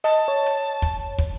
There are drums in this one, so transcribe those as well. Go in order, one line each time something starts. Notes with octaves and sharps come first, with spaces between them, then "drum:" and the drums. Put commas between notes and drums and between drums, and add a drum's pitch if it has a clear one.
D#5 A5
C#5
drum: hi-hat
drum: kick, hi-hat
drum: kick, hi-hat